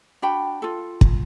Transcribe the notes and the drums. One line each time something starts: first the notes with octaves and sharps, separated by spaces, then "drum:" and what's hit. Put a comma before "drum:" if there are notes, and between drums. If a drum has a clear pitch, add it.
D4 F#4 G5 B5
F4 A4
drum: kick